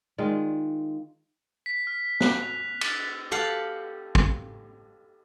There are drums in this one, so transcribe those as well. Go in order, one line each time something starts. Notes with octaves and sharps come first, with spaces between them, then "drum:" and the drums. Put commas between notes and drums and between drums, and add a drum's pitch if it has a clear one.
D#3 G#3 F4
B6
F6
F#6, drum: snare
F7
A6, drum: cymbal
G4 A4 F5 F#5
drum: kick